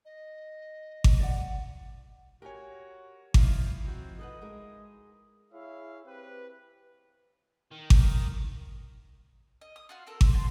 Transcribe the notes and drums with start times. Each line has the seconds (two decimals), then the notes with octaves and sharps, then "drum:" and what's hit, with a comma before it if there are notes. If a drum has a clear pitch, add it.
0.05 D#5
1.04 drum: kick G#1
1.20 D5 F#5
2.42 F#4 G4 A#4 C#5 G#5
3.34 F3 D#4 E4 F5, drum: kick G#1
3.85 F3 C4 F#4
4.19 A4 B4 D#5 F#5
4.42 G#3 A#4
5.53 E4 G#4 C#5 E5 F5
6.05 C4 G4 B4
7.71 D#3
7.90 drum: kick G#1
9.61 D#5
9.76 D#6
9.89 F4 F#4 F5
10.07 C4 F#4 A4 A#4
10.21 C5, drum: kick G#1
10.33 A#3 F#4 A5 C6